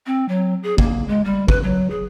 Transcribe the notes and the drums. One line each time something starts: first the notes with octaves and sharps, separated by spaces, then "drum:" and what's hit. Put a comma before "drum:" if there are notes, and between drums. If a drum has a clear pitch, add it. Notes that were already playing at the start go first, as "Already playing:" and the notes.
C4
F#3
G#4
A#3, drum: kick
G#3
G3
B4, drum: kick
F#3
G#4